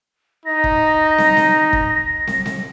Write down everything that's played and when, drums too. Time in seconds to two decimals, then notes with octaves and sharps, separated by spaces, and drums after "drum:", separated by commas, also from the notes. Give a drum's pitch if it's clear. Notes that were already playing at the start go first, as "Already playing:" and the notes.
0.46 D#4 A#6
0.64 drum: kick
1.18 drum: snare
1.37 drum: snare
1.73 drum: kick
2.27 drum: snare
2.46 drum: snare